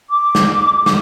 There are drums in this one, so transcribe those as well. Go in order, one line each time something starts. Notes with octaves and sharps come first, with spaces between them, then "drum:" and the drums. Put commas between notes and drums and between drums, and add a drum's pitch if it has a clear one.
D6
drum: snare
drum: snare